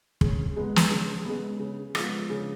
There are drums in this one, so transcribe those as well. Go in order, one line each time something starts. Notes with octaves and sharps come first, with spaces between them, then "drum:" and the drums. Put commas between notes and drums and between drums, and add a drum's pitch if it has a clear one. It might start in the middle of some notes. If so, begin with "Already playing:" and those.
C#3, drum: kick
G#3 B3
drum: snare
C#3
G#3 B3
C#3
F3 G#3 B3 F4, drum: rim click
C#3